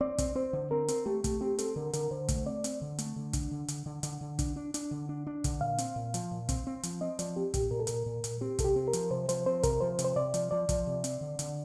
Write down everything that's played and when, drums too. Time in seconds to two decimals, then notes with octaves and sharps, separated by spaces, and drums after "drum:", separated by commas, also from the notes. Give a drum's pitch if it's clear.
0.01 C4 D5
0.18 C4, drum: kick, hi-hat
0.35 C4 C5
0.53 D3
0.71 C4 A#4
0.88 C4, drum: hi-hat
1.06 A3 G4
1.24 A3, drum: kick, hi-hat
1.41 C4 G4
1.58 C4 A4, drum: hi-hat
1.76 D3 A#4
1.93 D3 A#4, drum: hi-hat
2.11 D3 C5
2.28 A3, drum: kick, hi-hat
2.46 C4 D5
2.64 C4, drum: hi-hat
2.81 D3
2.98 A3, drum: hi-hat
3.16 D3
3.33 D4, drum: kick, hi-hat
3.51 D3
3.68 D3, drum: hi-hat
3.86 D3
4.03 D3, drum: hi-hat
4.21 D3
4.39 D4, drum: kick, hi-hat
4.56 D4
4.74 D4, drum: hi-hat
4.91 D3
5.09 D4
5.27 D4
5.44 D3, drum: kick, hi-hat
5.61 A#2 F5
5.78 C4, drum: hi-hat
5.96 A#2
6.14 F3, drum: hi-hat
6.31 A#2
6.49 C4, drum: kick, hi-hat
6.67 C4
6.83 F3, drum: hi-hat
7.01 C4 D#5
7.19 F3 D5, drum: hi-hat
7.36 C4 G4
7.54 A#2 G4, drum: kick, hi-hat
7.71 A#2 A#4
7.80 A4
7.87 A#2 A#4, drum: hi-hat
8.06 A#2
8.24 A#2, drum: hi-hat
8.41 C4 G4
8.59 C3 A4, drum: kick, hi-hat
8.65 G4
8.76 C4
8.88 A#4
8.93 F3, drum: hi-hat
9.11 C3 C5
9.29 F3 C5, drum: hi-hat
9.46 C4 C5
9.63 C3 A#4, drum: kick, hi-hat
9.81 F3 C5
9.99 C3, drum: hi-hat
10.05 C5
10.16 C3 D5
10.34 F3, drum: hi-hat
10.51 F3 D5
10.69 F3, drum: kick, hi-hat
10.87 C3
11.04 C4, drum: hi-hat
11.21 D3
11.39 D3, drum: hi-hat